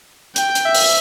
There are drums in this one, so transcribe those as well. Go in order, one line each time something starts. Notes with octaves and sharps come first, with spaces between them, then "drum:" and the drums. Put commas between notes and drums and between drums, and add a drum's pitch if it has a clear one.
G5, drum: hi-hat
drum: hi-hat
E5
drum: open hi-hat